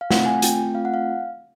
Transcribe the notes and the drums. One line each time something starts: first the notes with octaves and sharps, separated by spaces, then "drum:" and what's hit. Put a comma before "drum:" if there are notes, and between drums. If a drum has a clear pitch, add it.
F5
A3 C4 F4 F#5, drum: snare
G#5
A3 C4 F4 G5, drum: hi-hat
A3 C4 F4 F5
F#5
F5